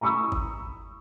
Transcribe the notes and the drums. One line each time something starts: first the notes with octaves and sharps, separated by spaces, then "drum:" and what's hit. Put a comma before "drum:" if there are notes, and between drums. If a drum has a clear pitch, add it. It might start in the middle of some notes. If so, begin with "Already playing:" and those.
A#5 B5 C#6 D#6 E6
drum: kick G#1